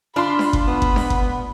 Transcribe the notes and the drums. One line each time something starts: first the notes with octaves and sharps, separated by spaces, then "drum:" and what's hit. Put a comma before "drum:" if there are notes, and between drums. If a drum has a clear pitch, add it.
D4 F4 B5 C6
drum: snare D4
drum: kick G1
B3 B5
drum: kick G1
drum: snare D4
drum: kick G1